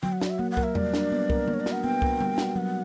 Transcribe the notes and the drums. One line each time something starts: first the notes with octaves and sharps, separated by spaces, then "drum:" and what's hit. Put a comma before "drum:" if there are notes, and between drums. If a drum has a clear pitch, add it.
F#3 G5, drum: tom D3
F#5
F#4 D5, drum: snare
E5
A#3 F#5
F#5
A#4, drum: kick C2
E5
G3 D5, drum: tom E2
D4, drum: snare
B3
A#4, drum: kick C2
A#3, drum: tom D3
C#5
D5
F#4, drum: snare
F#5
B3 G5
A#4, drum: kick C2
G3, drum: tom D3
F#4, drum: snare
F#3 F#5